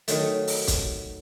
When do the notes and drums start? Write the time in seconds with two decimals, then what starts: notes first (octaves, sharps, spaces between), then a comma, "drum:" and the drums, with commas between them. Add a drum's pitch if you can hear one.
0.08 D#3 F#3 A3, drum: hi-hat
0.47 drum: open hi-hat
0.67 drum: kick, hi-hat